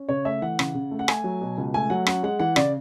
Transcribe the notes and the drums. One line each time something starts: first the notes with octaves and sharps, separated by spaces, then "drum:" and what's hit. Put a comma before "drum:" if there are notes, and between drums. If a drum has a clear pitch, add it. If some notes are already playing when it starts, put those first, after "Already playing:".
Already playing: C#4
C#3 C#5
A3 E5
E3 F#5
C#3, drum: rim click
C#3
A3
F#5
A3 G#5, drum: rim click
F#3
B2
C#2
A3 G#5
F#3 F#5
C#4 F#5, drum: rim click
G#3 F#5
E3 F#5
C#3 D5, drum: rim click